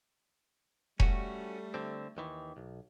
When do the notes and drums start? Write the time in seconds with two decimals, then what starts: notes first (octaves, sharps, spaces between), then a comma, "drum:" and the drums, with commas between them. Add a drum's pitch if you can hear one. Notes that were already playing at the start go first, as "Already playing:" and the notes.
1.00 G3 A3 C#4 F#4, drum: kick E1
1.74 D3 C4
2.17 D#2 D#3 E3
2.57 B1